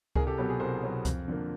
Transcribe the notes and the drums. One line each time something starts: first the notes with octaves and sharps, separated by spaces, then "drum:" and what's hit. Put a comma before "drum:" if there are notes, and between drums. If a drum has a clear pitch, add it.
C2 G#4 A#4, drum: kick C#2
G4 A4
B2 F#3 B3 G4
G#4
C2 A#4 C5
B2 F#3 B3
F2, drum: kick C#2, hi-hat
D3 F3 A#3